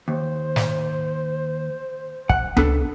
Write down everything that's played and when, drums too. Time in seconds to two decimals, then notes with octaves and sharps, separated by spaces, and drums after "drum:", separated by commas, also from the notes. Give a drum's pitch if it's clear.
0.08 D#2 C5
0.56 drum: snare
2.29 F#5, drum: kick
2.57 B3 D4 A4, drum: tom C#2